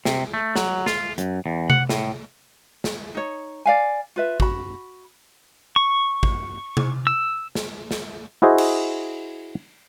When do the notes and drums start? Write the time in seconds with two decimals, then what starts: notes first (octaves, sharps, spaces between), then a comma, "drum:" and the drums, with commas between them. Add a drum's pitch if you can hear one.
0.05 C3, drum: snare
0.34 A3
0.56 F#3, drum: snare
0.86 F4, drum: snare
1.18 F#2, drum: hi-hat
1.46 E2
1.70 F#5, drum: tom C3
1.89 A2, drum: snare
2.84 drum: snare
3.15 D#4 C#5
3.66 D5 F5 G#5
4.16 F4 B4 E5
4.40 F#4 B5, drum: kick G#1
5.76 C#6
6.23 drum: kick G#1
6.77 drum: tom C3
7.07 E6
7.55 drum: snare
7.91 drum: snare
8.42 E4 F#4 G#4 C5 D#5
8.58 drum: cymbal